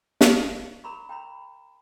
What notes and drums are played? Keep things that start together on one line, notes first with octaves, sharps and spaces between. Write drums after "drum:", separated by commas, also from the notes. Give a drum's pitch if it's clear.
F5, drum: snare
A#4 A#5 B5 C#6
G5 A#5 B5